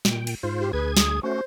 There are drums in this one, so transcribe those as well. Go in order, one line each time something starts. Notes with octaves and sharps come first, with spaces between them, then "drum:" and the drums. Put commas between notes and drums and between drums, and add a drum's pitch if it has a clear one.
A#2 G5, drum: snare
drum: cymbal
G#2 F4 C5
G4
D2 G#4 B4 G#6
D#6, drum: snare
A3 C#4 F#4 C5